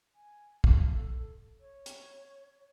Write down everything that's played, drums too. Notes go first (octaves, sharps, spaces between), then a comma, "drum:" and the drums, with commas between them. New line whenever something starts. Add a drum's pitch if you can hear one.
G#5
A4, drum: kick
C#5
drum: hi-hat